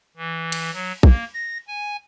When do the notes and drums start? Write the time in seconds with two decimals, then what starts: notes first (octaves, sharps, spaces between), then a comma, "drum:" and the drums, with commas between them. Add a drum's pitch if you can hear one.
0.17 E3
0.52 drum: cymbal
0.73 F#3
1.03 A#3, drum: kick
1.34 A#6
1.68 G#5